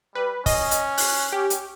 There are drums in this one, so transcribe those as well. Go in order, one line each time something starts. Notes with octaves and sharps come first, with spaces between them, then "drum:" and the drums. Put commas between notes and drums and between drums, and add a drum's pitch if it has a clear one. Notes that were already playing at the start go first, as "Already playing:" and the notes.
G3 B4
C#4 D#5, drum: kick, open hi-hat
drum: hi-hat
F#6, drum: open hi-hat
G4
drum: hi-hat